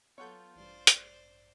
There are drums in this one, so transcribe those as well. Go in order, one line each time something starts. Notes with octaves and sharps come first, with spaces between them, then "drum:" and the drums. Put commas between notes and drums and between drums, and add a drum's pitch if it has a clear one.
F#3 B3 F4 A4 C#5 F#5 G6
A1 G2 C5 D5
drum: hi-hat